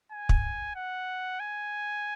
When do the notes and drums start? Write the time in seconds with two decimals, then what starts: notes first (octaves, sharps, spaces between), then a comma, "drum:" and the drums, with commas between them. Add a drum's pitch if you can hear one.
0.12 G#5
0.29 drum: kick
0.75 F#5
1.40 G#5